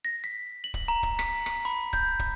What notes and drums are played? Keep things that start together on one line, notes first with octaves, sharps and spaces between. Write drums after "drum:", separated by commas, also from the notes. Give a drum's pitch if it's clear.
A#6
B6
F#7
drum: kick
A#5
drum: kick
B6, drum: rim click
B6, drum: rim click
B5
G6, drum: kick
drum: kick